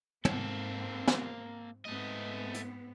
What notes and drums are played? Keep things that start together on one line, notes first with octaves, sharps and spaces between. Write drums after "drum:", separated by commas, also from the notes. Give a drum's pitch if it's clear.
G#2 A#3 C4 A4, drum: tom
drum: snare
G#2 A3 B3 C4 D#5
drum: hi-hat